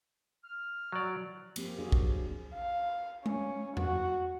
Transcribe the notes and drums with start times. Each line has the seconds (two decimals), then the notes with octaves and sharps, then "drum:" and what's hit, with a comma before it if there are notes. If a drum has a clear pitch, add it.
0.44 F6
0.92 F#3 D5
1.56 F3 A#3 C4 G4, drum: cymbal
1.79 F#3 A#3 D4 F#4 G#4 F5
1.92 drum: kick
2.55 F5
3.26 C#4, drum: tom G#3
3.77 F#4, drum: tom E2